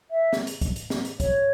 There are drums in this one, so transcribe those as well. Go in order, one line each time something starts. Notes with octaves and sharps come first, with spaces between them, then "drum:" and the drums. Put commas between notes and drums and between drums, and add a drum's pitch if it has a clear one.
E5
drum: snare
drum: hi-hat
drum: kick, hi-hat
drum: hi-hat
drum: snare
drum: hi-hat
C#5, drum: kick, hi-hat